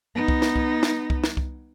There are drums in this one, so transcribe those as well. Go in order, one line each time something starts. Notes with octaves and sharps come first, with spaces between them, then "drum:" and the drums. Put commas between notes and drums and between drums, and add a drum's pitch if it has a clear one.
B3 D#4
drum: kick C2
drum: snare
drum: kick C2
drum: snare
drum: kick C2
drum: snare
drum: kick C2